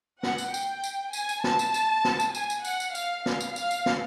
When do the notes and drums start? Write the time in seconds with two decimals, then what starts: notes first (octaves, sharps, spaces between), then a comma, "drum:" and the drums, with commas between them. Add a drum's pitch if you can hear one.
0.23 F#5, drum: snare
0.38 drum: tambourine
0.54 G5, drum: tambourine
0.84 drum: tambourine
1.13 G#5, drum: tambourine
1.29 drum: tambourine
1.44 A5, drum: snare
1.59 drum: tambourine
1.74 drum: tambourine
2.05 drum: snare
2.20 drum: tambourine
2.35 G#5, drum: tambourine
2.50 drum: tambourine
2.65 F#5, drum: tambourine
2.80 drum: tambourine
2.95 F5, drum: tambourine
3.26 F5, drum: snare
3.41 drum: tambourine
3.56 F5, drum: tambourine
3.71 drum: tambourine
3.86 drum: snare